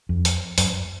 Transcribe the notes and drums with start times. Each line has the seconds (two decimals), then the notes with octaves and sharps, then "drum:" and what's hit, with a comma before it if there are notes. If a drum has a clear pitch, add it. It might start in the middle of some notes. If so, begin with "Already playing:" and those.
0.09 F2
0.25 drum: open hi-hat
0.58 F#2, drum: open hi-hat